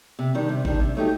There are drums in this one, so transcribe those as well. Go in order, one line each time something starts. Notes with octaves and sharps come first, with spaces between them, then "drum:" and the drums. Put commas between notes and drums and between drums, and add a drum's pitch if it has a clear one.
C3
D#3 G3 D4
C3
D#3 G3 D4, drum: kick G#1
C3
F#3 A3 D#4 G4